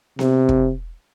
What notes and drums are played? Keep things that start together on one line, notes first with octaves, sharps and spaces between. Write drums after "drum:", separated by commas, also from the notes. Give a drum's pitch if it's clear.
C3, drum: snare B3
drum: kick